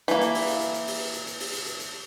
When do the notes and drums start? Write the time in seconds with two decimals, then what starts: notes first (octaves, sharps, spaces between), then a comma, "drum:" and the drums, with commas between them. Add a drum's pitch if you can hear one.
0.08 E3 A#3, drum: hi-hat
0.21 drum: hi-hat
0.34 drum: open hi-hat
0.48 drum: hi-hat
0.61 drum: hi-hat
0.74 drum: hi-hat
0.87 drum: open hi-hat
1.14 drum: hi-hat
1.27 drum: hi-hat
1.40 drum: open hi-hat
1.53 drum: hi-hat
1.66 drum: hi-hat
1.80 drum: hi-hat